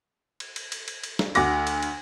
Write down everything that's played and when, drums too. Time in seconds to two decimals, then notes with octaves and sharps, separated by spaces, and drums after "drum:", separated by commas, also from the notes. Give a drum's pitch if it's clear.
0.40 drum: cymbal
0.56 drum: cymbal
0.72 drum: cymbal
0.88 drum: cymbal
1.04 drum: cymbal
1.19 drum: snare
1.35 D2 F#4 D6 A#6, drum: cymbal
1.67 drum: cymbal
1.83 drum: cymbal